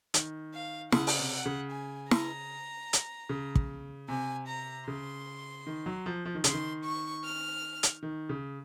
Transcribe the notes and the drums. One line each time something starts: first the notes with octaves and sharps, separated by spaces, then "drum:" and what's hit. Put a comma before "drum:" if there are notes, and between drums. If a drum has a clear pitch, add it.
D#3, drum: hi-hat
F5
C#3 F#5, drum: snare
drum: open hi-hat
C3
F#5
C#3
G#5
A#5, drum: snare
drum: hi-hat
C#3
drum: kick
C3 G#5
A#5
C#3 C6
D#3
F#3
F3
F3
D#3
C#3 C6, drum: hi-hat
D#3
C#6
F6
drum: hi-hat
D#3
C#3